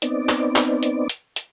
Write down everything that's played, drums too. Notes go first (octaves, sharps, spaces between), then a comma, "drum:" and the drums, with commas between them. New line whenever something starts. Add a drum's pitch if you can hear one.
B3 C4 D#4 D5, drum: hi-hat
drum: clap
drum: clap
drum: hi-hat
drum: hi-hat
drum: hi-hat